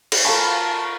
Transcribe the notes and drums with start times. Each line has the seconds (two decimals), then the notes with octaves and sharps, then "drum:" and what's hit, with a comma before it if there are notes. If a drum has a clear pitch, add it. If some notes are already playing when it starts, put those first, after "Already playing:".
0.12 drum: cymbal
0.25 F4 A4 A#4 F5 G#5 A5 B5 C#6